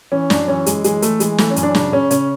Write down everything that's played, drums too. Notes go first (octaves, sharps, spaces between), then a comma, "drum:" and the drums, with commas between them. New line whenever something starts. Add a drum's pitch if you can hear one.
E3 C#4
F#2 D4, drum: snare
E3 C#4
F#2 G#3, drum: hi-hat
E3 G#3, drum: hi-hat
E3 A3, drum: hi-hat
E3 G#3, drum: hi-hat
E3 A3, drum: snare
C#4
F#2, drum: hi-hat
D4
C#3 D4, drum: snare
C#3 C#4
C#3 C#4, drum: hi-hat